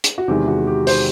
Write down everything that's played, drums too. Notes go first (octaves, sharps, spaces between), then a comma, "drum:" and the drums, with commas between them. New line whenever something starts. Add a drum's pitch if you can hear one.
drum: hi-hat
F#4
E2 C3 D#3 G#3 G4
F#4
G4
C5, drum: open hi-hat